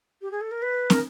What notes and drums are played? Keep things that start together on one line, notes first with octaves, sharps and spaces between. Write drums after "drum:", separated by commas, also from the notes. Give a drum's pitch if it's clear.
G4
G#4
A4
A#4
B4
A#4, drum: snare